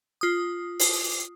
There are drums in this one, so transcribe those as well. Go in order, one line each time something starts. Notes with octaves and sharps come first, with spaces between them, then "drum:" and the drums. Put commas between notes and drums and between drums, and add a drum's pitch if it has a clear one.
F4 D#6
drum: open hi-hat